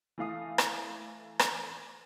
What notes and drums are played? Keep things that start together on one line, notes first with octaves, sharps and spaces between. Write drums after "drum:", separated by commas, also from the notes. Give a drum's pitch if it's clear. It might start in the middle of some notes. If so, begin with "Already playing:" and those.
E3 A3 F5 D#6
drum: rim click
drum: rim click